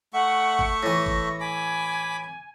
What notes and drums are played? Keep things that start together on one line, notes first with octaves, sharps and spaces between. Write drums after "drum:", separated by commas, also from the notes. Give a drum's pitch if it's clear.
A3 E5 F#5 C#6
drum: kick G#1
A2 E3 A#6
drum: kick G#1
G#5 B5 D6